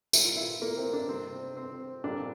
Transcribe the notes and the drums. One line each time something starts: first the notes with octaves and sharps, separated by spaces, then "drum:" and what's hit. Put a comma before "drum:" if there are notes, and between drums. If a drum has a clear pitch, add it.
A#2 G3 E4, drum: tambourine
F4
E4
A#3
C4
D4
C3 G3 C4
C4
A#2 G3 D4